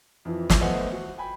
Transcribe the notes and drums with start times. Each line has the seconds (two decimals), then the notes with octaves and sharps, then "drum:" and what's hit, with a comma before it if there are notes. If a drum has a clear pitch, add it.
0.25 F2 E3 F3
0.50 drum: snare
0.61 A3 B3 C5 D#5 F#5 G#5
0.92 F#4
1.18 G5 G#5 B5